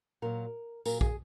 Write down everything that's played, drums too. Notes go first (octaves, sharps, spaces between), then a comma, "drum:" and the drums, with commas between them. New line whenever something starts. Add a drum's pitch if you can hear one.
A#2 F#3 A#4
A#2 F#3 A#4, drum: tambourine
G#4, drum: kick